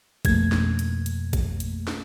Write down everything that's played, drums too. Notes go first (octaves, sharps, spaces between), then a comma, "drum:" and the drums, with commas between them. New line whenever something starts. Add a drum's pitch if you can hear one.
F2 B2 A3 A#3 G#6, drum: kick A1, hi-hat
drum: snare
drum: hi-hat
drum: hi-hat
drum: kick A1, hi-hat
drum: hi-hat
drum: snare